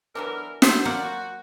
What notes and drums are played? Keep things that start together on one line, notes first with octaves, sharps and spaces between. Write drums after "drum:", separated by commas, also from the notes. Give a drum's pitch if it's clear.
E3 F#3 B3 D4 A4 A#4
E4 A4 C5, drum: snare
F#3 A#3 D5 F#5
F#4